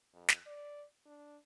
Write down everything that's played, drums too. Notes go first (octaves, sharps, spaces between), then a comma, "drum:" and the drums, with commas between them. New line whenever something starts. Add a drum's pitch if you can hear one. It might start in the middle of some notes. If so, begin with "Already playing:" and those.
F2
drum: snare
D5
D4